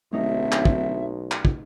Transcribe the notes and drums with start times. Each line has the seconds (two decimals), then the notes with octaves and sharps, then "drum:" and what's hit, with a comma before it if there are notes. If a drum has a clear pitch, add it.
0.13 D1 B1 A3 C#4 D#4 E5
0.52 drum: clap
0.65 drum: kick
1.31 drum: clap
1.45 drum: kick